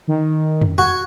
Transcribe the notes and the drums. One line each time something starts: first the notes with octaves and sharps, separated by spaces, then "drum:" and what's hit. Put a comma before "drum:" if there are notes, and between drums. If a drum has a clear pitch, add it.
D#3
drum: tom F2
F#4 G#6